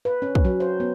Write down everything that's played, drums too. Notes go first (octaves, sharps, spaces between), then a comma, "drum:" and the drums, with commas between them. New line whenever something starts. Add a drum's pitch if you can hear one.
B4
C#4
drum: kick
F#3
C5
B3